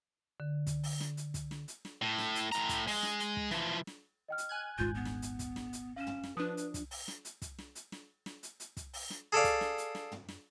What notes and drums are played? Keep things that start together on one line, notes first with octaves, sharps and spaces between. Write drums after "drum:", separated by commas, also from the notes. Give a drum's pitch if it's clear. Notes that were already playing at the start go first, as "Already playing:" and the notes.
D3
drum: kick, hi-hat
drum: open hi-hat
drum: snare
drum: hi-hat
drum: kick, hi-hat
drum: snare
drum: hi-hat
drum: snare
A2
drum: snare
drum: hi-hat
A2 A#5, drum: hi-hat
drum: kick, hi-hat
G#3, drum: open hi-hat
drum: snare
drum: hi-hat
drum: kick
E3 F3, drum: snare
drum: snare
D#5 G5 F6
drum: hi-hat
G#5 F#6 G#6
D#1 G#1 G#2 F4 G6
B3
drum: snare
drum: hi-hat
drum: kick, hi-hat
drum: snare
drum: hi-hat
C#4 F5 E7
drum: tom
drum: snare
F3 D4 B4 D#6
drum: hi-hat
drum: kick, hi-hat
drum: open hi-hat
drum: snare
drum: hi-hat
drum: kick, hi-hat
drum: snare
drum: hi-hat
drum: snare
drum: snare
drum: hi-hat
drum: hi-hat
drum: kick, hi-hat
drum: open hi-hat
drum: snare
G#4 A4 D5 F5
drum: kick, hi-hat
drum: snare
drum: hi-hat
drum: snare
drum: tom
drum: snare